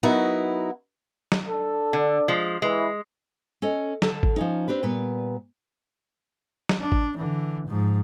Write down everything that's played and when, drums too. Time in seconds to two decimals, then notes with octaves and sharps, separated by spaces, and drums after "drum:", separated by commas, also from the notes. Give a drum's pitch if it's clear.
0.03 F#3 B3 D#4 E4 F#4 A#4
1.32 drum: snare F#3
1.49 D4 A4
1.93 D3
2.28 F3 G#3
2.62 E3 G#3
3.62 C#4 A4 D#5
4.02 D3 A4 A5, drum: snare F#3
4.23 drum: kick G#1
4.36 F3 C#4 D#4
4.68 C4 D4 G4 B4
4.83 A#2 G3 B3 B4
6.69 drum: snare F#3
6.81 D4
6.92 drum: kick G#1
7.17 D3 E3
7.67 G#2 F3